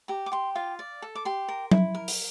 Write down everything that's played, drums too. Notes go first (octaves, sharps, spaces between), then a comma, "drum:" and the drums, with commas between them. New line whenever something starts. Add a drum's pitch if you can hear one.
G4 A#5
D6
G4 C6
F4 F5
D5
A4
D6
G4 C6
A#4
E4, drum: tom F#3
A#4
drum: open hi-hat